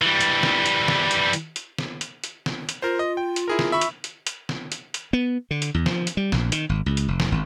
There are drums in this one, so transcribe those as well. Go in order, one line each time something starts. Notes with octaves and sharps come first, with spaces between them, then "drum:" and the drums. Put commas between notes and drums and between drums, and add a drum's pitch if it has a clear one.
E3 G3
drum: hi-hat
drum: snare
drum: hi-hat
drum: snare
drum: hi-hat
drum: hi-hat
drum: hi-hat
drum: snare
drum: hi-hat
drum: hi-hat
drum: snare
drum: hi-hat
F4 A#4 C5
D#5
G5
drum: hi-hat
E4 G#4 A#4
drum: snare
E5 B5 C#6
drum: hi-hat
drum: hi-hat
drum: hi-hat
drum: snare
drum: hi-hat
drum: hi-hat
B3
D3
drum: hi-hat
E2
F3, drum: snare
drum: hi-hat
G3
A#1, drum: snare
D#3, drum: hi-hat
G#1
C#2
drum: hi-hat
F1
drum: snare
G#1